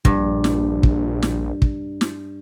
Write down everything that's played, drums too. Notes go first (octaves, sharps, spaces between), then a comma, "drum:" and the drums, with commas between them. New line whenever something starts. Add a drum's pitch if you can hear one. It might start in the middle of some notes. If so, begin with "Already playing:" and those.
A#1 G2, drum: kick
drum: snare
drum: kick
drum: snare
drum: kick
drum: snare